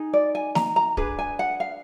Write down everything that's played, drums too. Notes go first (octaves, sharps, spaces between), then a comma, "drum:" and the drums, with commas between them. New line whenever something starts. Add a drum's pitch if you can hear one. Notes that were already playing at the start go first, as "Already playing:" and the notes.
Already playing: D#4 G#4
D5
G#5
A#5, drum: snare
A#5
D4 G#4 B4, drum: kick
G#5
F#5
F5